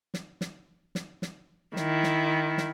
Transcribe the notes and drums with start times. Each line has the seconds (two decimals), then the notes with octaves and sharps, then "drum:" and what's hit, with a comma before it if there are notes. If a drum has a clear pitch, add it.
0.14 drum: snare
0.41 drum: snare
0.95 drum: snare
1.22 drum: snare
1.76 D#3 E4, drum: snare
2.03 drum: snare
2.58 drum: snare